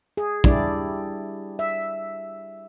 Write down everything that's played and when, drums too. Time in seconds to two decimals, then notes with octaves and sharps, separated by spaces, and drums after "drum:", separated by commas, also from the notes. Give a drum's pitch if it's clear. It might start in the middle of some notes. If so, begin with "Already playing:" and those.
0.17 G#4
0.44 G3 D4 E4 G4 D5, drum: kick
1.59 E5